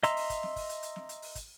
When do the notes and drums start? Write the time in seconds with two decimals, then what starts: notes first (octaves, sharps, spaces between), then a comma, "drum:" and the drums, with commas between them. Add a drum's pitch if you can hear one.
0.03 D#5 E5 A#5 C6 E6, drum: hi-hat
0.17 drum: open hi-hat
0.30 drum: kick, hi-hat
0.43 drum: snare
0.56 drum: kick, open hi-hat
0.69 drum: hi-hat
0.83 drum: hi-hat
0.96 drum: snare
1.09 drum: hi-hat
1.22 drum: open hi-hat
1.35 drum: kick, hi-hat